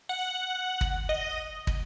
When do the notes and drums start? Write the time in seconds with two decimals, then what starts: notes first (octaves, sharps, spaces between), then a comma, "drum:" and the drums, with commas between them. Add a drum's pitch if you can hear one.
0.09 F#5
0.81 drum: kick
1.09 D#5
1.67 drum: kick